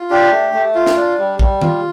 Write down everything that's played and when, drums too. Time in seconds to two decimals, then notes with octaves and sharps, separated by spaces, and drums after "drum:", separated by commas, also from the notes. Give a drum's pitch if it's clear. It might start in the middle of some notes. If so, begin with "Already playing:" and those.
Already playing: F4
0.10 D4 G4
0.31 A3
0.54 A3
0.75 F4
0.86 drum: snare
0.96 D4
1.18 G3
1.39 G3, drum: kick
1.62 F4, drum: tom D#3